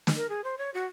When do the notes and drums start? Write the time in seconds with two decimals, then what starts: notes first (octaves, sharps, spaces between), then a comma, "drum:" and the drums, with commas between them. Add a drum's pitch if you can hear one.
0.07 drum: snare
0.16 A#4
0.29 G#4
0.44 C5
0.58 C#5
0.74 F#4